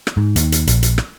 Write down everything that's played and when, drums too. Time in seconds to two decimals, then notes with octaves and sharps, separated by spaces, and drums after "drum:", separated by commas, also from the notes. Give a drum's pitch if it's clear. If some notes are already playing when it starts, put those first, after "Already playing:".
0.07 drum: rim click
0.17 G#2
0.36 D#2, drum: hi-hat
0.52 drum: hi-hat
0.67 A#1, drum: hi-hat
0.83 drum: hi-hat
0.98 drum: rim click